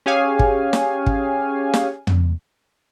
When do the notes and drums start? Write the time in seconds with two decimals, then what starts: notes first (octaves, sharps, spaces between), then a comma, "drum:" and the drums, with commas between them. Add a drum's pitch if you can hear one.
0.06 C#4 G4 G#4 C#5 F5 G#5
0.39 drum: kick
0.73 drum: snare
1.06 drum: kick
1.74 drum: snare
2.07 drum: tom